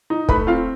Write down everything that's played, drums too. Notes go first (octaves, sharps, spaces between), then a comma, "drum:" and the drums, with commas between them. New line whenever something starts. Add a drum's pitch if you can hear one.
D#4
A3 B4 B5, drum: kick
C4 F4 F5